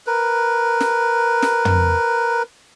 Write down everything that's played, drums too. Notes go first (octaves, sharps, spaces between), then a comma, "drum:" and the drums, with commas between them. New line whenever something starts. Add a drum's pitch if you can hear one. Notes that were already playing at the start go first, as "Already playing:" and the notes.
A#4 B4
drum: snare
drum: snare
drum: tom